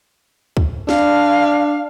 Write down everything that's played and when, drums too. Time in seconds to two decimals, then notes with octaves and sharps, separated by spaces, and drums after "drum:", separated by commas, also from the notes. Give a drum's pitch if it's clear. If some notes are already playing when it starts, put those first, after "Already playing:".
0.57 drum: kick C#2
0.89 D4 F5, drum: snare